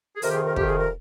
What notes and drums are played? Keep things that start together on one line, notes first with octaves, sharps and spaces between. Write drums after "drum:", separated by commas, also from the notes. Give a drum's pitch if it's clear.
G#4
F2 C3 D#3 A#4, drum: open hi-hat
G4
G#4
A#4
F2 C3 D#3 G4, drum: kick
G#4
A#4